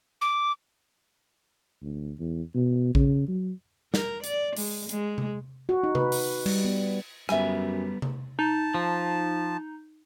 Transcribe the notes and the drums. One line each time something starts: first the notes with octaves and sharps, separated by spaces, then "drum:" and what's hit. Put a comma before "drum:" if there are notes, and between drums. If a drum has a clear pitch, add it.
D6
D2
E2
B2
C#3, drum: kick A1
F#3
A#4, drum: snare
D5, drum: hi-hat
G#3, drum: open hi-hat
G#3, drum: hi-hat
drum: tom C3
F#4
D#4
B4, drum: tom C3
drum: open hi-hat
G3, drum: cymbal
B3
F#2 G3 B3 E5 G#5, drum: rim click
drum: tom C3
D#4 A5
F3